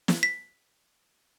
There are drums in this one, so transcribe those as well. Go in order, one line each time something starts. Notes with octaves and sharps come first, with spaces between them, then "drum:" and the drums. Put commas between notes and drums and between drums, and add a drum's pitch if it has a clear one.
drum: snare
B6